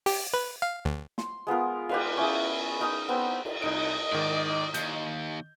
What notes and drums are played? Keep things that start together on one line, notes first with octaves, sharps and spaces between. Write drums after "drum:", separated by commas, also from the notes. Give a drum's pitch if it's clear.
G4, drum: open hi-hat
B4
F5
D2
C6, drum: snare
G#3 B3 F4 A#4
G4 B4 F5, drum: cymbal
C#4 E4 G#4
D#4 A#4 D#5 D#6
B3 C4 B4
drum: cymbal
C2 D#4 D#5 D7
G#2 D#3 D5
D#2 G6, drum: hi-hat